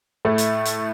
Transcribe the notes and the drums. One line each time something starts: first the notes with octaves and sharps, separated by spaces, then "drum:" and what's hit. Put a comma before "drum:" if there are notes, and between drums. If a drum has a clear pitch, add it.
A2 A3 E4
drum: hi-hat
drum: hi-hat